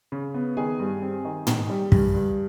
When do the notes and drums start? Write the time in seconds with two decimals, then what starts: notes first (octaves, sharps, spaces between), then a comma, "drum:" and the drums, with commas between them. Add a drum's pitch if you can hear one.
0.12 C#3
0.34 B3
0.57 D#3 G#4 G#5
0.79 G2
1.02 C4
1.25 D#3
1.47 D#3, drum: tom
1.70 G3
1.92 G2, drum: kick
2.14 G2